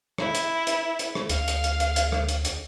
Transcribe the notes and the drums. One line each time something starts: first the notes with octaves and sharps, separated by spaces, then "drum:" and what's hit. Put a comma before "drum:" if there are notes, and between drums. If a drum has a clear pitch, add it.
E4, drum: rim click
drum: hi-hat
drum: hi-hat
drum: hi-hat
drum: rim click
D2 F5, drum: hi-hat
drum: hi-hat
drum: hi-hat
drum: hi-hat
drum: hi-hat
drum: rim click
drum: hi-hat
drum: hi-hat